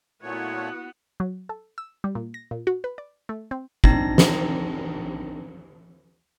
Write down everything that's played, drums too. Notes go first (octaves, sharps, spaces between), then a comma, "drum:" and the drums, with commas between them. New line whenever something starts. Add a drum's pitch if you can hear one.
A#2 A3 B3 E4 F#4 C#5 F#5
F#3
A4
E6
G3
A#2
A#6
A#2
F#4
B4
D5
A3
C4
C4 D4 D#4 A#6, drum: kick
drum: snare